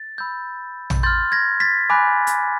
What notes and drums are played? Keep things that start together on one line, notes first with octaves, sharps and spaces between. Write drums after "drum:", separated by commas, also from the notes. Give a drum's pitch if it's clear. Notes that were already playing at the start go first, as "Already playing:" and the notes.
Already playing: A6
B5 E6 G6
drum: tom A#1
C6 F6 G6 A6
G#6 A#6
A6 B6
G#5 B5 D6 F#6
drum: hi-hat